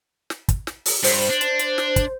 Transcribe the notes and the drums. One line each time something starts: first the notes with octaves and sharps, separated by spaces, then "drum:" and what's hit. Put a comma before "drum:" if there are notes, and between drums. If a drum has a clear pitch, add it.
drum: snare
drum: kick, hi-hat
drum: snare
drum: open hi-hat
G2 C5, drum: open hi-hat
D4
drum: hi-hat
drum: hi-hat
drum: snare
drum: kick, hi-hat